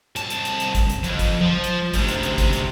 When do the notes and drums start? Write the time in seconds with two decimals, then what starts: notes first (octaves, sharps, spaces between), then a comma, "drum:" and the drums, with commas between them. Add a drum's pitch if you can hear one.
0.16 C2 A5, drum: hi-hat
0.30 drum: hi-hat
0.45 drum: hi-hat
0.60 drum: hi-hat
0.75 drum: kick, hi-hat
0.90 drum: hi-hat
1.04 F2, drum: hi-hat
1.19 drum: kick, hi-hat
1.41 F3
1.64 drum: hi-hat
1.94 D2 C3, drum: kick, hi-hat
2.08 drum: hi-hat
2.23 drum: hi-hat
2.38 drum: kick, hi-hat
2.53 drum: hi-hat